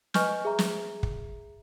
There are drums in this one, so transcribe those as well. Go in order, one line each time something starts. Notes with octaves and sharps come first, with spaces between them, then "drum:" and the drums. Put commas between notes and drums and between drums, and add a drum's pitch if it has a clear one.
B4 D#5 G#5 C#6 F6 G6, drum: snare
G#4 E5 A#5
drum: snare
drum: kick